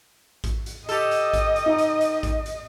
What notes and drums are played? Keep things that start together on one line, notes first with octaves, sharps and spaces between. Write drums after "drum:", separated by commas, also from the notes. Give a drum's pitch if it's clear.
drum: kick A1, hi-hat
drum: hi-hat
G4 A4 D#5, drum: hi-hat
drum: hi-hat
drum: kick A1, hi-hat
drum: hi-hat
D#4 A#5
drum: hi-hat
drum: hi-hat
drum: kick A1, hi-hat
drum: hi-hat